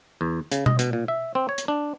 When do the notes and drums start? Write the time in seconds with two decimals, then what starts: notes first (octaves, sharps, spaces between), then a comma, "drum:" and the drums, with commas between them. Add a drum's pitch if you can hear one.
0.21 E2
0.52 C#3, drum: hi-hat
0.66 D#5, drum: tom B2
0.79 B2, drum: hi-hat
0.93 A#2
1.08 E5
1.35 C4
1.49 C#5
1.58 drum: hi-hat
1.68 D4